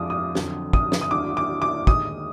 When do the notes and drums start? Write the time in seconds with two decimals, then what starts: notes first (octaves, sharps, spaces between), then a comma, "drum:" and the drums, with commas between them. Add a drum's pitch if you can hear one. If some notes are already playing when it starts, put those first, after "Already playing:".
Already playing: F2 F3 G#3 D4 F4 D6 D#6
0.10 D#6
0.35 F2 D3 F#3, drum: snare
0.73 D#6, drum: kick
0.92 drum: snare
1.01 D#6
1.11 D#2 D3 F#3 D4 F#4 D6
1.37 D6
1.62 D6
1.87 D#2 D3 G#3 D#4 G#4 D#6, drum: kick